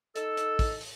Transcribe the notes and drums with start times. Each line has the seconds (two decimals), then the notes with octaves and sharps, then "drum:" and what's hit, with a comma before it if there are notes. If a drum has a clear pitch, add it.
0.16 D#4 A4 E6, drum: hi-hat
0.37 drum: hi-hat
0.59 drum: kick, open hi-hat
0.81 drum: open hi-hat